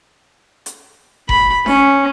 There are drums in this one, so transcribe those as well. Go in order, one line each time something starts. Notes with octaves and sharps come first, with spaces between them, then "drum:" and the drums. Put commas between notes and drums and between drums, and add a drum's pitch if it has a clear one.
drum: hi-hat
B5, drum: kick F#1
C#4, drum: snare D4